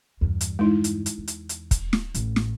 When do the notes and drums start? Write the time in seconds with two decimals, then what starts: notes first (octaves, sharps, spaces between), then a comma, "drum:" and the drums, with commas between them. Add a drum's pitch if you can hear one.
0.21 E2 G2
0.41 drum: hi-hat
0.59 G#3 D#4 E4
0.84 drum: hi-hat
1.06 drum: hi-hat
1.18 E2
1.28 drum: hi-hat
1.49 drum: hi-hat
1.71 drum: kick, hi-hat
1.93 drum: snare
2.14 A1 A2, drum: hi-hat
2.36 drum: snare